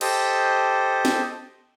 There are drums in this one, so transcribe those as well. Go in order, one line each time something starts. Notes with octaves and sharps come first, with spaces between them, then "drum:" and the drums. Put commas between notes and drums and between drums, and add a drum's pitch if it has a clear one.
G4 A4 C5 D#5, drum: cymbal
drum: snare